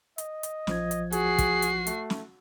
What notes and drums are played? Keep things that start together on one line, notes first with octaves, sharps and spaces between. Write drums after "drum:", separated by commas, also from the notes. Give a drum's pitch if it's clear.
D#5, drum: hi-hat
drum: hi-hat
A#1 F3 G#6, drum: snare
drum: hi-hat
F#4 G#4 C7, drum: hi-hat
drum: kick, hi-hat
drum: hi-hat
A3, drum: hi-hat
drum: snare